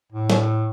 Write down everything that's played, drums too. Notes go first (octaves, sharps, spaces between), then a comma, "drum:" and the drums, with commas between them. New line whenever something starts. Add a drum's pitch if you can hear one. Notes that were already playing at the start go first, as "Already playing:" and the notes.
A2
drum: snare